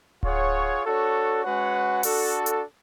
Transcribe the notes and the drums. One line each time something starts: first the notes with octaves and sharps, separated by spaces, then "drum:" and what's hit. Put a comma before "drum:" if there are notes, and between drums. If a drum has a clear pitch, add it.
F4 G#4 C#5 F#5, drum: kick D1
D4 F#4 A4 C#5
G#3 C#4 F#4 B4 F#5
D4 F#4 A4, drum: open hi-hat
drum: hi-hat